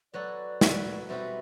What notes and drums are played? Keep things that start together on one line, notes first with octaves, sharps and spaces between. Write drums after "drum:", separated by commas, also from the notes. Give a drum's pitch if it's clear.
F#3 B3 F#4 A4 D5
F#3 B3 F#4 A4, drum: snare
B2 G3 C4 F#4 B4 E5